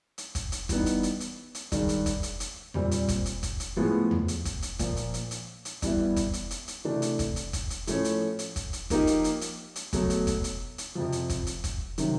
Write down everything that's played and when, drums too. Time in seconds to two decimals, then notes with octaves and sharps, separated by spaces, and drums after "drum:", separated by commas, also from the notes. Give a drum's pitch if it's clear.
0.18 drum: hi-hat
0.35 drum: kick, hi-hat
0.52 drum: hi-hat
0.69 E3 G3 B3 D#4, drum: kick, hi-hat
0.86 drum: hi-hat
1.03 drum: hi-hat
1.20 drum: hi-hat
1.55 drum: hi-hat
1.72 G2 D#3 G#3, drum: kick, hi-hat
1.89 drum: hi-hat
2.06 drum: kick, hi-hat
2.23 drum: hi-hat
2.40 drum: hi-hat
2.74 A#2 G3 C4, drum: tom E2
2.91 drum: hi-hat
3.08 drum: kick, hi-hat
3.26 drum: hi-hat
3.43 drum: kick, hi-hat
3.60 drum: hi-hat
3.76 A2 F3 G#3 B3
4.11 drum: tom E2
4.28 drum: hi-hat
4.45 drum: kick, hi-hat
4.62 drum: hi-hat
4.79 A#2 F3 A#3, drum: kick, hi-hat
4.97 drum: hi-hat
5.14 drum: hi-hat
5.31 drum: hi-hat
5.65 drum: hi-hat
5.82 G2 E3 G3 B3 E4, drum: kick, hi-hat
6.16 drum: kick, hi-hat
6.33 drum: hi-hat
6.51 drum: hi-hat
6.68 drum: hi-hat
6.85 C3 E3 A3 D4
7.02 drum: hi-hat
7.19 drum: kick, hi-hat
7.36 drum: hi-hat
7.53 drum: kick, hi-hat
7.70 drum: hi-hat
7.87 A2 F3 A3 C#4, drum: hi-hat
8.05 drum: hi-hat
8.39 drum: hi-hat
8.56 drum: kick, hi-hat
8.73 drum: hi-hat
8.90 F3 A#3 D#4 G4, drum: kick, hi-hat
9.07 drum: hi-hat
9.24 drum: hi-hat
9.41 drum: hi-hat
9.76 drum: hi-hat
9.93 B2 F#3 A3, drum: kick, hi-hat
10.10 drum: hi-hat
10.27 drum: kick, hi-hat
10.44 drum: hi-hat
10.78 drum: hi-hat
10.95 F2 C3 F3
11.12 drum: hi-hat
11.29 drum: kick, hi-hat
11.47 drum: hi-hat
11.64 drum: kick, hi-hat
11.98 C3 D#3 F#3, drum: hi-hat